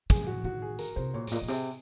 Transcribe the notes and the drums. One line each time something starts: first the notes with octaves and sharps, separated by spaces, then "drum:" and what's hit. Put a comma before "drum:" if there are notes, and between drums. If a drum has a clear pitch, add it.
F3 G#4, drum: kick, tambourine
F#4
D#3 F#4
G#4
A#4, drum: tambourine
C3 C5
A#2 C#5
G#2, drum: tambourine
A#2 D#5
A#2
C3 G#4, drum: tambourine